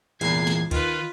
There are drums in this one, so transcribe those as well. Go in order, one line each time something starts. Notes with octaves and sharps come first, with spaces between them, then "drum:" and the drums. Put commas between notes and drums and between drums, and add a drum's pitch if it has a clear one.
E2 A#2 G#3 G#6 C7, drum: cymbal
drum: snare
D#3 F4 B4, drum: kick D2, cymbal